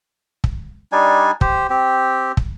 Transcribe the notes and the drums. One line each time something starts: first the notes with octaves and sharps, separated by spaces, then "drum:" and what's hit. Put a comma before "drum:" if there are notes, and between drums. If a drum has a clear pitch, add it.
drum: kick
G3 D4 D#4 G#5
G4 C5, drum: kick
C4 G4
drum: kick